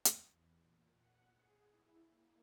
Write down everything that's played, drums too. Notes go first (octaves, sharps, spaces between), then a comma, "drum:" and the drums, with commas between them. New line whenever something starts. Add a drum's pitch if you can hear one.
drum: hi-hat
E2
A#2
F#5
G#4
E4
A#3